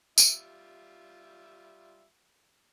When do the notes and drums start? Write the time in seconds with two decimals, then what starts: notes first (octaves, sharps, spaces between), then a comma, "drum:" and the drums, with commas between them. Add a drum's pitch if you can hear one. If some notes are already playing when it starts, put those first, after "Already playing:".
0.18 G3 F4 E5, drum: tambourine